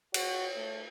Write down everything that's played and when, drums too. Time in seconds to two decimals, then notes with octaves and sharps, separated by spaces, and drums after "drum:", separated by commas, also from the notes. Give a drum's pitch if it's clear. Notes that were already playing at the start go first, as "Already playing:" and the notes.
0.14 F#4 C#5, drum: cymbal
0.56 A3